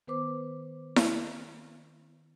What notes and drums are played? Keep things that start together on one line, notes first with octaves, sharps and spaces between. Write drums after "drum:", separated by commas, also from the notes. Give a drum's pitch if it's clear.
D#3 B3 B4 C5 D6
drum: snare E4